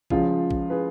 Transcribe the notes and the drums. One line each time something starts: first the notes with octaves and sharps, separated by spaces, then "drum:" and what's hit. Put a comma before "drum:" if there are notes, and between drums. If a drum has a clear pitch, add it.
C#2 C#3 F3 F4 G#4, drum: kick A#1
drum: kick A#1
G#4 B4